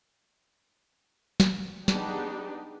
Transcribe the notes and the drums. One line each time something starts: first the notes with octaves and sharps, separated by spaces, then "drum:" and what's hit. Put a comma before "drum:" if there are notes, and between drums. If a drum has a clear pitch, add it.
drum: snare
B3 D4 D#4 G4 G#4, drum: snare